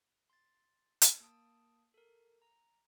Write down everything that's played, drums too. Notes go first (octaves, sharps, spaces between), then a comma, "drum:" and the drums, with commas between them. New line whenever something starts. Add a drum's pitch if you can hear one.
C6 A6
drum: hi-hat
A#3 A5 D#6 D7
A4 A#4
A#5